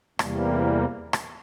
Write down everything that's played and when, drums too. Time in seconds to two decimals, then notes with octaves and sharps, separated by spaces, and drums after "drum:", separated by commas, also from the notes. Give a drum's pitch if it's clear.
0.19 E2 C3 E3 G3 A#3, drum: rim click
1.13 drum: rim click